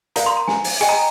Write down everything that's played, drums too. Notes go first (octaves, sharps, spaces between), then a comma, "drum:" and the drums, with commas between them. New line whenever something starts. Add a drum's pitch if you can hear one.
A#4 D5 F5 A#5, drum: hi-hat
C6
A#5
G#5, drum: snare
drum: open hi-hat
G#4 D#5 G5 G#5, drum: hi-hat
A#5